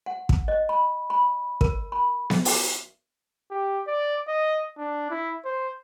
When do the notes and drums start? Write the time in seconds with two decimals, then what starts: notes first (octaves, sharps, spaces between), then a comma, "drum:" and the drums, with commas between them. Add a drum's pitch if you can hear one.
0.06 F#5
0.29 drum: kick
0.48 D#5
0.69 B5
1.10 B5
1.61 A#4, drum: kick
1.92 B5
2.30 drum: snare B3
2.45 drum: open hi-hat
3.51 G4
3.87 D5
4.28 D#5
4.78 D4
5.10 E4
5.45 C5